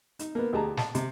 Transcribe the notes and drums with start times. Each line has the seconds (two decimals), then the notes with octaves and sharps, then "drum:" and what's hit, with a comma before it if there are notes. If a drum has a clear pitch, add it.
0.19 D#4, drum: hi-hat
0.35 A#3 B3
0.53 D2 G4 G#4 A5 A#5
0.77 A5, drum: snare
0.95 C3, drum: hi-hat